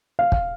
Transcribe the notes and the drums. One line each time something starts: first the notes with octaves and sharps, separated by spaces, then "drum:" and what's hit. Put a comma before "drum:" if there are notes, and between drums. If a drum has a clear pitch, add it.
F5
drum: kick